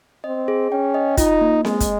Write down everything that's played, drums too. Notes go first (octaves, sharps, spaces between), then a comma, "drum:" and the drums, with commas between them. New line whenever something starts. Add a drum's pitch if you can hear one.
C4 D#5
G#4
C#4 G5
D#5
D#4 F4, drum: kick, hi-hat
A#3
G#3 D#5, drum: snare C4
drum: kick, hi-hat